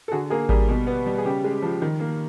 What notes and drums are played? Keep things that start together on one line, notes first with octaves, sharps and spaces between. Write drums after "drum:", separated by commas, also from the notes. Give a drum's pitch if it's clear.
A4
D3 F#4 G#4
A#3 G#4 A#4
G3 G#4 A#4, drum: kick G#1
B2
B3
G3
G#4
C#3 G4
G#3
F3
D#3
A#3